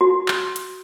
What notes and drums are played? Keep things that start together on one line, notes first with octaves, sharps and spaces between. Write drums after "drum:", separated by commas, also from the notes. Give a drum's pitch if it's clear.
F#4
drum: clap
drum: hi-hat